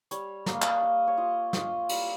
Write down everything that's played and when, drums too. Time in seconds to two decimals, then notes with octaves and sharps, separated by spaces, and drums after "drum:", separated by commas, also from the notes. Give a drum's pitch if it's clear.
0.11 G3 C#5, drum: hi-hat
0.46 A#3 D#5, drum: snare
0.54 F5
0.62 D#5, drum: clap
0.82 A#3 F5
1.07 C#5
1.17 F4 D#5
1.53 F4 D#5, drum: snare
1.89 G3, drum: cymbal